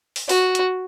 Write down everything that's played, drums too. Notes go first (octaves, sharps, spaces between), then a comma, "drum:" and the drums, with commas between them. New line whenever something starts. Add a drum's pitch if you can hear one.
drum: open hi-hat
F#4, drum: open hi-hat
drum: hi-hat